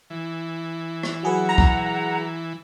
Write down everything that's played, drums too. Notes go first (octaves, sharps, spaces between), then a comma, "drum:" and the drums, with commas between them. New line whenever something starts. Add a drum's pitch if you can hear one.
E3
drum: rim click
F#3 G#4 B4 F#5
A#5
drum: kick